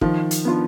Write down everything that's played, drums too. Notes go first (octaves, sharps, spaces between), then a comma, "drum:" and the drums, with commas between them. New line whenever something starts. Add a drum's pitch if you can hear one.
D#3 F3, drum: kick
drum: hi-hat
B3 D4 F4